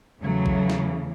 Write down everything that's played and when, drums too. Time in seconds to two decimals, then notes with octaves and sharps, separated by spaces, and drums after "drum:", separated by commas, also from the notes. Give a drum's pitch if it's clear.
0.22 E2 C#3 E3 F#3 A3
0.46 drum: kick A#1
0.70 drum: snare